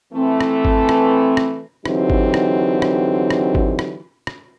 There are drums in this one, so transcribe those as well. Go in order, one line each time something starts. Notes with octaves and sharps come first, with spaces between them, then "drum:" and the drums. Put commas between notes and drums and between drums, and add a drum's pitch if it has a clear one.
E3 A3 C4
drum: rim click
drum: kick G#1
drum: rim click
drum: rim click
D3 E3 F#3 C4 D#4 G4, drum: rim click
drum: kick G#1
drum: rim click
drum: rim click
drum: rim click
drum: kick G#1
drum: rim click
drum: rim click